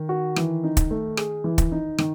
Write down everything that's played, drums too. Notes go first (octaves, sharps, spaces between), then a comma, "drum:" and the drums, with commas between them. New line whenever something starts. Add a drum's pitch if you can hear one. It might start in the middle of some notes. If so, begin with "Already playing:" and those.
Already playing: D#3
F#4
E3, drum: rim click
D#4
drum: kick, hi-hat
A3
G#4, drum: rim click
E3
drum: kick, hi-hat
D#4
D#3, drum: rim click